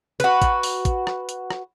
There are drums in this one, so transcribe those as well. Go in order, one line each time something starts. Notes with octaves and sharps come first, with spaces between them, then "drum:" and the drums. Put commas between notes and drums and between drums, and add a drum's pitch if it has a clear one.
F#4 B4, drum: hi-hat
drum: kick, hi-hat
drum: open hi-hat
drum: kick, hi-hat
drum: rim click
drum: hi-hat
drum: rim click